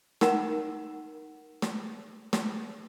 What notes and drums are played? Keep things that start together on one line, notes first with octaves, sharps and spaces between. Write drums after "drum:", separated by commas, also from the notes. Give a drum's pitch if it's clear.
D#4 A#4 F#5 A#5, drum: snare
drum: snare
drum: snare